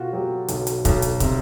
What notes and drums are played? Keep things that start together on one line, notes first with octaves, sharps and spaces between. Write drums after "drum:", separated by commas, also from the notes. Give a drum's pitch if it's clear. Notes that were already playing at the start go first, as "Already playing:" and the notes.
Already playing: B2 F4 F#4
F#3 G4
B1, drum: hi-hat
drum: hi-hat
B1, drum: kick, hi-hat
drum: hi-hat
C3, drum: kick, hi-hat